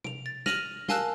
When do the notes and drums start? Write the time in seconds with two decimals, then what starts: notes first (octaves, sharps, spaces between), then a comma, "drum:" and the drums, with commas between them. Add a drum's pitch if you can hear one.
0.04 D7 F7, drum: tom B2
0.26 A6
0.46 F6 A#6 D#7 F7 F#7, drum: snare
0.88 A#4 F5 G#5 A5 E6 F#6, drum: snare